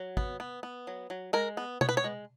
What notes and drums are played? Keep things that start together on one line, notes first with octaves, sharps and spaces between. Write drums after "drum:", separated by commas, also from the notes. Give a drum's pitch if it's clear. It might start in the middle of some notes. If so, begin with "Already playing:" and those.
Already playing: F#3
B3, drum: kick
B3
B3
F#3
F#3
G#3 A#4
B3
B3 C#5, drum: tom B2
B4
C#5
G#3